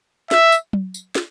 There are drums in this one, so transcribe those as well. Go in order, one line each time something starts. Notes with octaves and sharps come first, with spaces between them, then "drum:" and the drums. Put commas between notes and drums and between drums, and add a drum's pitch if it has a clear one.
E5, drum: snare
drum: tambourine
drum: tom F#3
drum: tambourine
drum: snare